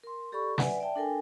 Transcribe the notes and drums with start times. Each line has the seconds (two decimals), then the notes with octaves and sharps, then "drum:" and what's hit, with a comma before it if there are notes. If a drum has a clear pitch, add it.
0.04 A#4 C6
0.32 G4 A4 D5 B5 C#6
0.58 B4 D5 E5 F#5 G#5, drum: snare
0.80 D5 E5 G5 A5
0.96 D4 A4 A#4 G5 G#5